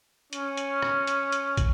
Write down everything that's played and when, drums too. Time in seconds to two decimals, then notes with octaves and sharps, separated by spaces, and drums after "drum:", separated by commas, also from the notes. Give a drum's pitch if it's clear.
0.33 C#4, drum: hi-hat
0.57 drum: hi-hat
0.82 drum: rim click
1.07 drum: hi-hat
1.32 drum: hi-hat
1.57 drum: kick, hi-hat